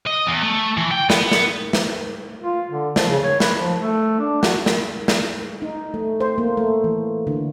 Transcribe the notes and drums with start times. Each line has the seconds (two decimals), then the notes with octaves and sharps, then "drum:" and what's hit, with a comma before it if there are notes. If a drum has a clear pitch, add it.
0.06 D#5
0.27 E2
0.43 A3
0.77 E3
0.91 G5
1.10 B3, drum: snare
1.31 drum: snare
1.73 drum: snare
2.41 F4
2.71 D3
2.96 F3, drum: snare
3.08 C#3
3.24 C#5
3.40 B4, drum: snare
3.59 F3
3.81 A3
4.19 D4
4.43 F#4, drum: snare
4.66 drum: snare
5.08 drum: snare
5.62 D#4
5.94 A3
6.20 C5
6.38 A#3
6.57 A3
6.84 E3
7.27 D3